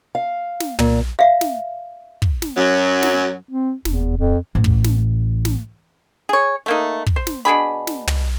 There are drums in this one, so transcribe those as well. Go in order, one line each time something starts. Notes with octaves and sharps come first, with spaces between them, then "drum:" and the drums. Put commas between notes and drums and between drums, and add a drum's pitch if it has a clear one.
F5
drum: snare
A#2, drum: tom
E5 F5
drum: snare
drum: kick
drum: snare
F#2 F#3
drum: snare
C4
F1 E2, drum: snare
D1 F2
A1
drum: kick
drum: snare
drum: snare
G#4 C#5
A3 A#3 D#4
drum: kick
C5
drum: snare
B2 D4 G#4 B5
drum: snare
drum: tom